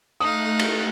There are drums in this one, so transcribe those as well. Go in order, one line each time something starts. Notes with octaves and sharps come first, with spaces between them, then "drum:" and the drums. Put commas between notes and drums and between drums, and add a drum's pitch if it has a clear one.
A3 D#4 F5 D#6 F#6
drum: cymbal